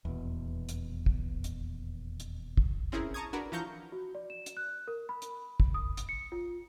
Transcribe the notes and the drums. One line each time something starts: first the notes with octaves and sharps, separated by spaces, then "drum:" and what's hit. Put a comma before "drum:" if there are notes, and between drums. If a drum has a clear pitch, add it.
D#1 E2 B2
drum: hi-hat
drum: kick
drum: hi-hat
drum: hi-hat
drum: kick
C4 C#4 E4 G#4 A#4
A5 A#5 C#6 D#6 G#6
D4 F#4 A#4 B4
E3 F3 F5 A#5 C#6 G6
F#4
D5
E7
drum: hi-hat
F#6
A#4
B5
drum: hi-hat
drum: kick
D#6
drum: hi-hat
C#7
F4